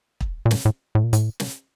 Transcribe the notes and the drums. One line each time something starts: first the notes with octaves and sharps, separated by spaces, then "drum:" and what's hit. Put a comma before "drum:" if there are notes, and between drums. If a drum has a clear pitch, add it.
drum: kick
A#2
A2, drum: snare
A2
A2
A#2
A2, drum: hi-hat
drum: snare